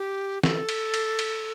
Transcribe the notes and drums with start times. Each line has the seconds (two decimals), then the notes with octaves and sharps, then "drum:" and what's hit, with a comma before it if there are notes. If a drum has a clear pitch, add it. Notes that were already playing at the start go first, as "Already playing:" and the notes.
Already playing: G4
0.43 A4, drum: snare
0.69 drum: cymbal
0.94 drum: cymbal
1.19 drum: cymbal